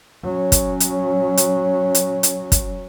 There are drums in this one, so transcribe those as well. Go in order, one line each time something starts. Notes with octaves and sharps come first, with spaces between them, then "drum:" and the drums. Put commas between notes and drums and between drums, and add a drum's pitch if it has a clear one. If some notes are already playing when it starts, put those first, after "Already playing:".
F#3 C#4
drum: kick, hi-hat
drum: hi-hat
drum: hi-hat
drum: hi-hat
drum: hi-hat
drum: kick, hi-hat